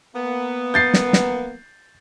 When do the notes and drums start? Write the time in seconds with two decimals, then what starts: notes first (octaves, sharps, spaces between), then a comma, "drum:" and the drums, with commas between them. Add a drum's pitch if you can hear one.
0.15 A#3 B3
0.74 G6 A6 C7
0.94 drum: snare
1.13 drum: snare